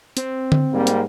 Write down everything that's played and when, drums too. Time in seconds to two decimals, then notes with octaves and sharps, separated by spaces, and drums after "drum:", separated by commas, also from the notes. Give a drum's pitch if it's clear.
0.17 C4, drum: hi-hat
0.52 drum: tom D3
0.72 G#2 G3 A#3
0.87 drum: hi-hat